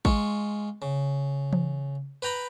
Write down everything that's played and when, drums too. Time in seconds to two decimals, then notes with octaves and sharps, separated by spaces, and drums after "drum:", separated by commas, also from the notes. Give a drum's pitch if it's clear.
0.05 G#3 F4 C#6, drum: kick
0.82 C#3
1.53 drum: tom E3
2.22 B4 G5 A#5 B5